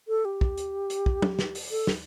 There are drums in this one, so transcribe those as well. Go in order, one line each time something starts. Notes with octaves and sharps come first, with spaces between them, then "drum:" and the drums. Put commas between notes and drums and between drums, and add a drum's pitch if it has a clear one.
A4
G4
drum: kick
drum: hi-hat
drum: hi-hat
drum: kick
drum: tom
drum: snare
drum: open hi-hat
A4
drum: snare